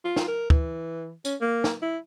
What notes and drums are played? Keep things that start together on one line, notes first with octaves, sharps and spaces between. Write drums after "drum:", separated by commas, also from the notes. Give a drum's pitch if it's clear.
F4
drum: snare
A#4
E3, drum: kick
C#4, drum: tambourine
A#3
drum: snare
E4